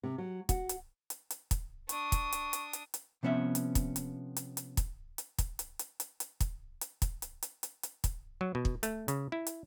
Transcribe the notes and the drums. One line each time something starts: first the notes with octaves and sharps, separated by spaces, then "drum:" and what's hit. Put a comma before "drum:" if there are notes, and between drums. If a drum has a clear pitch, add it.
C3
F#3
F#4, drum: kick, hi-hat
drum: hi-hat
drum: hi-hat
drum: hi-hat
drum: kick, hi-hat
D4 C#6 D#6, drum: hi-hat
drum: kick, hi-hat
drum: hi-hat
drum: hi-hat
drum: hi-hat
drum: hi-hat
C3 F3 B3 C#4 E5
drum: hi-hat
drum: kick, hi-hat
drum: hi-hat
drum: hi-hat
drum: hi-hat
drum: kick, hi-hat
drum: hi-hat
drum: kick, hi-hat
drum: hi-hat
drum: hi-hat
drum: hi-hat
drum: hi-hat
drum: kick, hi-hat
drum: hi-hat
drum: kick, hi-hat
drum: hi-hat
drum: hi-hat
drum: hi-hat
drum: hi-hat
drum: kick, hi-hat
F#3
B2
drum: kick
A3, drum: hi-hat
C#3, drum: hi-hat
E4
drum: hi-hat